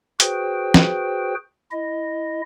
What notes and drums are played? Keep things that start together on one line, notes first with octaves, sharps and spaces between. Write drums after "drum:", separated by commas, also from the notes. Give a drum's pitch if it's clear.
F#4 G#4 B4 C5 G5, drum: hi-hat
drum: snare
E4 D#5